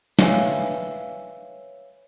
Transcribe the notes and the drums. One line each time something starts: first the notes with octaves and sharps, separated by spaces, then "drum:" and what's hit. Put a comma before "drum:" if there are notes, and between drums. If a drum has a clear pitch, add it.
B4 C#5 E5 F5 G#5, drum: snare